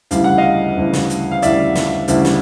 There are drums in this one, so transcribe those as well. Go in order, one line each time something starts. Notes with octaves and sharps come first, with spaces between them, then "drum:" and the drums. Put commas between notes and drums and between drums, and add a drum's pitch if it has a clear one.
D2 C#3 E3 G3 F5, drum: hi-hat
F#5
D#5 F5
D2 C#3 E3 G3
drum: snare
drum: hi-hat
F5
D2 C#3 E3 G3 D5 E5, drum: hi-hat
drum: snare
D2 C#3 E3 G3, drum: hi-hat
drum: snare